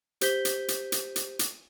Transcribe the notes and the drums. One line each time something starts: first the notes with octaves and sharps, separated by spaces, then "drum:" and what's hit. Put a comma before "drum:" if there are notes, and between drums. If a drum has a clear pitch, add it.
G4 C5 G6 B6 G7, drum: hi-hat
drum: hi-hat
drum: hi-hat
drum: hi-hat
drum: hi-hat
drum: hi-hat